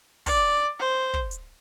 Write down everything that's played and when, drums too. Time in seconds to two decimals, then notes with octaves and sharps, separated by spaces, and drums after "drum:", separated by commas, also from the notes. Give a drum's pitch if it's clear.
0.26 D5, drum: kick, open hi-hat
0.79 C5
1.14 drum: kick
1.31 drum: hi-hat